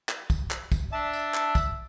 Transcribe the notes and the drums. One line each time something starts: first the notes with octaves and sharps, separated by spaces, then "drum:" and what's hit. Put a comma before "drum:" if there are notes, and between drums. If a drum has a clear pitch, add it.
drum: clap
drum: kick, tambourine
drum: clap
drum: kick, tambourine
D4 E5 A5
drum: tambourine
drum: clap
drum: kick, tambourine